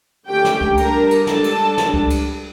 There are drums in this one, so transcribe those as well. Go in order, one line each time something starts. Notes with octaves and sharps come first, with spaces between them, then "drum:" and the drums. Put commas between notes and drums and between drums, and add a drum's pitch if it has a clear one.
D3 A3 C#4 G4 G5
drum: snare
drum: kick C#2
G3 D4 A#4 A#5, drum: cymbal
drum: cymbal
G3 D4 A4 A5, drum: snare
drum: cymbal
G3 D4, drum: snare
drum: kick C#2
drum: cymbal